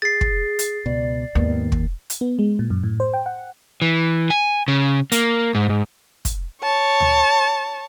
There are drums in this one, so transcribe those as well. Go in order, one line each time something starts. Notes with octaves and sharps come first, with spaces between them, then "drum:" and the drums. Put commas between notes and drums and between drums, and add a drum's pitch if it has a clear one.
G#4 A6 C7
drum: kick
drum: hi-hat
C#2 B2 D5
D#2 G#2 B3
drum: kick
drum: hi-hat
B3
G#3
A#2
F#2
A2
C5
G5
F#5
E3
G#5
C#3
A#3, drum: hi-hat
G#2
G#2
drum: kick, hi-hat
C#5 A5
drum: tom D2